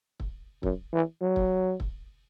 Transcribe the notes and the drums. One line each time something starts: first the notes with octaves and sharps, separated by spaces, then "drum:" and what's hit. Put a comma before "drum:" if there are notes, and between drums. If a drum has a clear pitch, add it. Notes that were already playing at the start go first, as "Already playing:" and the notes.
drum: kick
F#2, drum: kick
E3
F#3
drum: kick
drum: kick